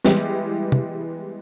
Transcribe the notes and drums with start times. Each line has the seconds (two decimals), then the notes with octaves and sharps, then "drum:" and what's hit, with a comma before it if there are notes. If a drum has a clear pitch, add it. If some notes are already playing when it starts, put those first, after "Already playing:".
0.05 E3 G3 G#3 B3 E4 G4, drum: snare
0.72 drum: tom